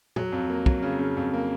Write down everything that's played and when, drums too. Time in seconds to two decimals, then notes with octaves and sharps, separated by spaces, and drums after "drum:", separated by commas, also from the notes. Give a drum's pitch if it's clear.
0.16 F#3, drum: tom A#2
0.32 F2
0.50 A#3
0.66 F#3, drum: kick
0.82 C#3
0.99 C#3
1.17 F2
1.33 A#3